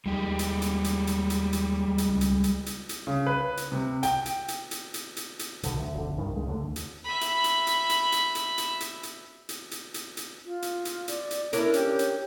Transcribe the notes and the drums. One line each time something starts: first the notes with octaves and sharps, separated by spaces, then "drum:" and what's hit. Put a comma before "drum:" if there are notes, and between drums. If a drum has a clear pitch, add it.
D#2 G3 G#3 G4
drum: hi-hat
drum: hi-hat
drum: hi-hat
drum: hi-hat
drum: hi-hat
drum: hi-hat
drum: hi-hat
C#2
drum: hi-hat
drum: hi-hat
drum: hi-hat
drum: hi-hat
C#3
B4
drum: hi-hat
C3
G5, drum: hi-hat
drum: hi-hat
drum: hi-hat
drum: hi-hat
drum: hi-hat
drum: hi-hat
drum: hi-hat
B1 B2 D3, drum: hi-hat
D2
F1 D3
C2 G2 D#3
C#2 G#3
D#2 D3 F#3 A3
drum: hi-hat
E5 B5
drum: hi-hat
drum: hi-hat
drum: hi-hat
drum: hi-hat
drum: hi-hat
drum: hi-hat
drum: hi-hat
drum: hi-hat
drum: hi-hat
drum: hi-hat
drum: hi-hat
drum: hi-hat
drum: hi-hat
F4
drum: hi-hat
drum: hi-hat
D5, drum: hi-hat
drum: hi-hat
C#4 D4 E4 A#4, drum: hi-hat
G4, drum: hi-hat
drum: hi-hat